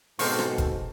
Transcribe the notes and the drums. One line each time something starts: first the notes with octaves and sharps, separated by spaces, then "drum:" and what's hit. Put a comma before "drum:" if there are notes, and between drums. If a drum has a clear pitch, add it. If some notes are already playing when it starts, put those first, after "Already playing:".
G#2 B2 A#3 C4 A4 C5 C#6, drum: open hi-hat
drum: rim click
drum: kick F1, hi-hat